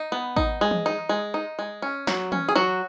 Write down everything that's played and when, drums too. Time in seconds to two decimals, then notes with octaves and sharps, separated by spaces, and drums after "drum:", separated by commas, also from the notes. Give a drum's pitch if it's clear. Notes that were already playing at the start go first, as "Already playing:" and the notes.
Already playing: D#4
0.12 B3
0.36 D#4, drum: kick A1
0.61 G#3
0.71 drum: tom E3
0.86 D#4
1.09 G#3
1.34 D#4
1.59 G#3
1.82 C#4
2.07 F#3, drum: snare
2.32 C#4, drum: tom E3
2.49 G#4
2.56 F#3 F#4